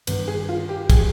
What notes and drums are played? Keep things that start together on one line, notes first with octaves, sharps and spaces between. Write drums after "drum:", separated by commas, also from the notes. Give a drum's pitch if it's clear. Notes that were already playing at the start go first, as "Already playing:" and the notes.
G2 D#3 G3 B3 D4, drum: cymbal
G#4
F4
G4
G#4, drum: kick, cymbal